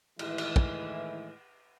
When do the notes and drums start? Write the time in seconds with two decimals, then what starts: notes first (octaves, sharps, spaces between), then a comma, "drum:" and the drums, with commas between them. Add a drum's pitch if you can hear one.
0.19 A2 D#3 E3 G#3 E4, drum: cymbal
0.38 drum: cymbal
0.56 drum: kick